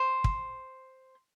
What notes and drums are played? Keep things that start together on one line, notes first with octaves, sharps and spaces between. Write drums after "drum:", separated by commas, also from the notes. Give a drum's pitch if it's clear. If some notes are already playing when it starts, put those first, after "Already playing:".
Already playing: C5
drum: kick